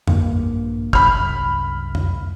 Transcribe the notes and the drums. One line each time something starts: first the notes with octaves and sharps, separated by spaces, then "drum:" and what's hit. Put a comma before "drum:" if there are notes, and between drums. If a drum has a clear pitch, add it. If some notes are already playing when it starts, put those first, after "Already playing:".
A#1 G2 A#3, drum: tom F2
C2 F#2 B5 F6, drum: kick
drum: tom F2